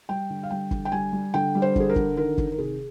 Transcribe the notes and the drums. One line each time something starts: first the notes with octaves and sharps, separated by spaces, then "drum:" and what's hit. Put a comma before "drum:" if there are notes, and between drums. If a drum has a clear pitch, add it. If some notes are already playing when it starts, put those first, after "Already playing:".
G3 G5
D3
F5
G3 G5
D3, drum: kick
G5
G3 G#5
G3
D3 G5
G3
C5
D3 G#4, drum: kick
A#4
D3, drum: kick
D#3 A#4
D#3, drum: kick
A#4
C3 G#4